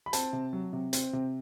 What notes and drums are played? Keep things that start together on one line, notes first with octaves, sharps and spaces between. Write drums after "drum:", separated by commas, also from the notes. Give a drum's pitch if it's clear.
B5
C4 A5, drum: hi-hat
C3
F#3
C3
C4, drum: hi-hat
C3